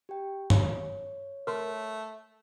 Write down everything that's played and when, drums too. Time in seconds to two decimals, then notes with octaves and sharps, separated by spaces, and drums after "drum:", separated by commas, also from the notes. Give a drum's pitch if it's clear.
0.09 G4 G5
0.50 C#5, drum: tom
1.47 A3 A#4 C6